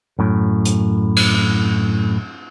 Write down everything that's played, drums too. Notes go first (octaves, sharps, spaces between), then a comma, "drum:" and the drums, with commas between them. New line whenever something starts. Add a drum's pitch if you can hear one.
F#2 A2
drum: hi-hat
drum: cymbal